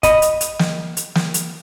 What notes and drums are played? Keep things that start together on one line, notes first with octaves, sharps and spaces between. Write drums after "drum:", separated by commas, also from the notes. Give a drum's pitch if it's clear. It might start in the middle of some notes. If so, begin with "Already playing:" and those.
D#5 B5, drum: kick, hi-hat
drum: hi-hat
drum: hi-hat
drum: snare
drum: hi-hat
drum: snare
drum: hi-hat